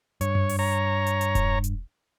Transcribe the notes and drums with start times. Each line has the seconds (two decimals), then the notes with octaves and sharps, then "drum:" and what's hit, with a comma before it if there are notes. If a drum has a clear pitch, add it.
0.21 G2 C#5, drum: hi-hat
0.35 drum: tom F#2
0.49 drum: open hi-hat
0.59 C#5 A#5
1.07 drum: hi-hat
1.21 drum: hi-hat
1.35 drum: kick E1, hi-hat
1.64 drum: hi-hat